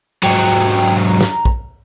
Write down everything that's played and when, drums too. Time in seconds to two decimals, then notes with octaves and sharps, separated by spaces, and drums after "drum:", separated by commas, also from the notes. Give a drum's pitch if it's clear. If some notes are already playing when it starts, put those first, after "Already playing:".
0.23 G#2 F#3 G5
0.85 drum: hi-hat
0.97 A#5
1.21 drum: snare
1.45 drum: kick